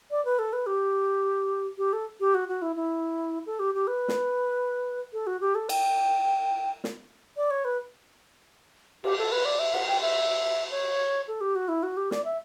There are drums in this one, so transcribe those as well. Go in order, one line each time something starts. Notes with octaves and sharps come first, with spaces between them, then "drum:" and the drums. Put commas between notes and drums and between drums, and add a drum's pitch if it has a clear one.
D5
B4
A4
B4
G4
G4
A4
G4
F#4
F#4
E4
E4
A4
G4
G4
B4
drum: snare
A4
F#4
G4
A4
G5, drum: cymbal
drum: snare
D5
C#5
B4
G4, drum: cymbal
A4
B4
D5
E5
F#5, drum: cymbal
G5
E5
C#5
A4
G4
F#4
E4
F#4
G4
D5, drum: snare
E5